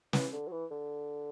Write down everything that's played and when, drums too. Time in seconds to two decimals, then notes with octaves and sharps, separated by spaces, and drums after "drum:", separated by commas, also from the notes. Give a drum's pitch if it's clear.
0.13 E3, drum: snare
0.33 D3
0.47 F#3
0.52 E3
0.71 D3